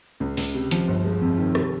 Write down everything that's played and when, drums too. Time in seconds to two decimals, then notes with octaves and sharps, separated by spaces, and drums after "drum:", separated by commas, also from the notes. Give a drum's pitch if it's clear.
0.20 C#2
0.37 C#2, drum: open hi-hat
0.54 C3
0.71 F3, drum: hi-hat
0.88 G1
1.04 G#3
1.22 F2
1.38 D#3
1.55 C3, drum: rim click